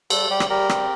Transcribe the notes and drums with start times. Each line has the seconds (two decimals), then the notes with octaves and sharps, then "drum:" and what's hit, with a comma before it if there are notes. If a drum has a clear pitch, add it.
0.10 G3 A4, drum: cymbal
0.30 G3 G4
0.40 drum: rim click
0.50 G3 G4 A#4
0.69 C4, drum: rim click